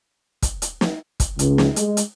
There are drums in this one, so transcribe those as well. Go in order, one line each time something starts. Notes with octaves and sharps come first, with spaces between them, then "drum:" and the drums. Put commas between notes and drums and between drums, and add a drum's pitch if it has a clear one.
drum: kick, hi-hat
drum: hi-hat
drum: snare
drum: kick, hi-hat
C#2, drum: hi-hat
drum: snare
G#3, drum: hi-hat
drum: hi-hat